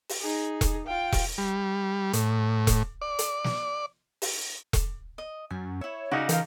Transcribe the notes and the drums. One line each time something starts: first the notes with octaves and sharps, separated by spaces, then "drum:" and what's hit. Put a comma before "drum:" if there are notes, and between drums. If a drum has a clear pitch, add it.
drum: open hi-hat
D#4 G#4
drum: kick E1, hi-hat
F4 G5
drum: kick E1, open hi-hat
G3
A2, drum: hi-hat
drum: kick E1, hi-hat
D5
drum: hi-hat
drum: snare
drum: open hi-hat
drum: kick E1, hi-hat
D#5
F#2 G#5
E4 C#5 E5
C#3 D#4 F#4 D5 F#5
E3 F4 A#4 G5, drum: hi-hat